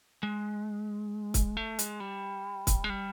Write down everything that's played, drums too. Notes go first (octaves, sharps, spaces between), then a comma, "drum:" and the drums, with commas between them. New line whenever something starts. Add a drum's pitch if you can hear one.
G#3
drum: kick, hi-hat
A3
G#3, drum: hi-hat
G3
drum: kick, hi-hat
G#3
G3